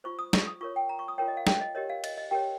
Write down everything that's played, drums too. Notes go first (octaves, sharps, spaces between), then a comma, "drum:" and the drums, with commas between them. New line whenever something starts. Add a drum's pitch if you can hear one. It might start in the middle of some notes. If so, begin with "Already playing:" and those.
F4 C5 C#6
D#6
C#6, drum: snare
D#6
F4 A#4 C#5 C#6
G5
A#5
C#6
D#6
F4 A#4 C#5 G5
D#5
F5
G5, drum: snare
D#5
G4 A#4 C#5 D#5
F5
D#5, drum: cymbal
D#5
G4 A#4 C#5 G5